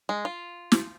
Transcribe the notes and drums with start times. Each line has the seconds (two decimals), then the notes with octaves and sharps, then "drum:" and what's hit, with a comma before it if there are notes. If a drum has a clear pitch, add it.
0.09 G#3
0.25 F4
0.72 drum: snare